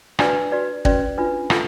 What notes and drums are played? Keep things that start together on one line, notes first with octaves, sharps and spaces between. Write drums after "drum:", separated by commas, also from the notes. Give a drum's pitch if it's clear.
D4 F#4 B4 D5, drum: rim click
F#4 B4 D5
C#4 F#4 B4 D5, drum: kick
D4 F4 B4
F4 A4, drum: rim click